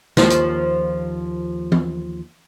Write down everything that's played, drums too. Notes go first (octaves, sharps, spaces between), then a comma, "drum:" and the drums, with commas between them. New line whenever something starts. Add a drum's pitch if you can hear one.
D#2 F3, drum: snare
drum: hi-hat
drum: tom E3